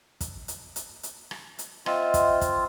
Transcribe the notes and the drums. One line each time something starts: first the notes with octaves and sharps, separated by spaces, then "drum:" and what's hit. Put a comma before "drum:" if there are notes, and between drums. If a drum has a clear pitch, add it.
drum: kick, hi-hat
drum: hi-hat
drum: hi-hat
drum: hi-hat
drum: rim click
drum: hi-hat
C4 F4 D#5 E5, drum: rim click
drum: kick, hi-hat
drum: kick, hi-hat